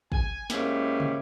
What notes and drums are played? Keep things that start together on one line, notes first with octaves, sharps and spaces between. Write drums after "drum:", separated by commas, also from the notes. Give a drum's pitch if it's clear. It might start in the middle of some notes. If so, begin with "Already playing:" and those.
G#5, drum: kick
G#2 A#3 C#4 E4 G4, drum: snare
drum: tom